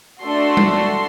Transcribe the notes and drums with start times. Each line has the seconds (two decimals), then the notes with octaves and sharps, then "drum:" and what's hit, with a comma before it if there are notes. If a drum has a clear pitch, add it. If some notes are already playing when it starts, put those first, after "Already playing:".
0.22 A3 D4 F#4 A4 C6
0.57 drum: tom G3
0.74 C6